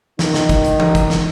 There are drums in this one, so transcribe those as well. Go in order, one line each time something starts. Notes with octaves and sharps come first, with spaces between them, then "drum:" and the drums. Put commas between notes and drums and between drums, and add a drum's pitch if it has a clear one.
D#3 D#4, drum: snare
drum: snare
drum: kick, hi-hat
drum: hi-hat
drum: tom E3
drum: kick, hi-hat
drum: snare